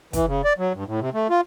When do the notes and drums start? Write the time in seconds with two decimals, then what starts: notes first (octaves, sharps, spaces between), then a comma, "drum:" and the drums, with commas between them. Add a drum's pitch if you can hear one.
0.13 E3, drum: kick, hi-hat
0.27 C#3
0.44 D5
0.58 F#3
0.74 G2
0.86 A2
1.01 C3
1.14 A3
1.30 F4